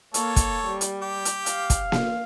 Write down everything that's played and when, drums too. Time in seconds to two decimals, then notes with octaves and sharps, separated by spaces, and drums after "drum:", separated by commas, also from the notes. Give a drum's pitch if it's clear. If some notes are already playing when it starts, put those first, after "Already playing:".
0.14 A#3 A4 C#5, drum: hi-hat
0.36 drum: kick, hi-hat
0.66 G3
0.81 drum: hi-hat
1.02 G4
1.25 drum: hi-hat
1.46 F5, drum: hi-hat
1.70 drum: kick, hi-hat
1.92 drum: snare A#3